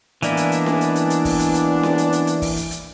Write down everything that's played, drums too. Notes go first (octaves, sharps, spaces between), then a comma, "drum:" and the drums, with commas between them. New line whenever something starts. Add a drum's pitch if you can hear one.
E3 G#3 A#3 B3 D4 E4, drum: hi-hat
drum: hi-hat
drum: hi-hat
drum: snare C#4
drum: hi-hat
drum: hi-hat
drum: hi-hat
drum: kick, open hi-hat
drum: hi-hat
drum: hi-hat
drum: snare C#4
drum: hi-hat
drum: hi-hat
drum: hi-hat
drum: kick, open hi-hat
drum: hi-hat
drum: hi-hat